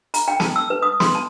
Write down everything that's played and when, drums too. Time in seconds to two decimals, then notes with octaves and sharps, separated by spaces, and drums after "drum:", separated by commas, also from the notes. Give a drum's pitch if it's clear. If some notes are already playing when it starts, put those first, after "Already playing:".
0.14 A#5, drum: hi-hat
0.28 G5
0.40 A5, drum: snare
0.56 E6
0.70 B4
0.82 D#6
1.00 C6, drum: snare
1.15 A5